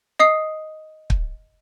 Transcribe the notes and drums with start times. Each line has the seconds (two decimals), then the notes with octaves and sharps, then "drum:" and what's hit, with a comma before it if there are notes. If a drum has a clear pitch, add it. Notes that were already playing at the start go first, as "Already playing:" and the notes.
0.19 D#5 D#6 C7
1.10 drum: kick